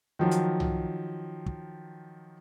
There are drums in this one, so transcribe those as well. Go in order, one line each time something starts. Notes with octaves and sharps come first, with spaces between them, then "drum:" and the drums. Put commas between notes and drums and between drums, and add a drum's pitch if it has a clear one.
D#3 F3 F#3
drum: hi-hat
drum: tom C2
drum: kick